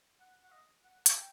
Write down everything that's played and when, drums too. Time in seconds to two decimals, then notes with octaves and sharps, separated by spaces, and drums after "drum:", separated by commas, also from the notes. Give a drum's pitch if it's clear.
0.20 F#5
0.43 F#5
0.51 D#5
0.84 F#5
1.06 A5, drum: hi-hat
1.16 G5